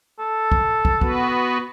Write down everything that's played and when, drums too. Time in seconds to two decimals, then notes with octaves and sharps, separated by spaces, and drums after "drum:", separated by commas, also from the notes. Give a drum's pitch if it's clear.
0.19 A4
0.52 drum: kick
0.85 drum: kick
1.01 B3 F#4 B4, drum: kick